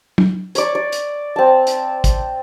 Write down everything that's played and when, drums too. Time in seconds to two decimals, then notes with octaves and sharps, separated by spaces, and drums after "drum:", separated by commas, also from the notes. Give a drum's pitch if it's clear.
0.18 drum: tom
0.55 C#5 D5, drum: hi-hat
0.75 D5
0.92 drum: hi-hat
1.36 C4 A5
1.67 drum: hi-hat
2.04 drum: kick, hi-hat